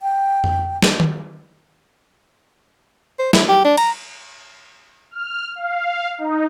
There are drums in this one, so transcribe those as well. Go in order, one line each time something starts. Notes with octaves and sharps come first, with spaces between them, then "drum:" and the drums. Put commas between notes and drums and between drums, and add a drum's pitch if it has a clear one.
G5
drum: tom F2
drum: snare
drum: tom D#3
C5
E4, drum: snare
G4
D4
A#5, drum: cymbal
F6
F5
D#4